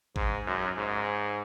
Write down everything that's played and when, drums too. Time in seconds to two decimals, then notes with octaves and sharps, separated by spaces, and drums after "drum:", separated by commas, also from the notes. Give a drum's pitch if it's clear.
0.16 G#2, drum: kick G#1
0.47 F#2
0.77 G#2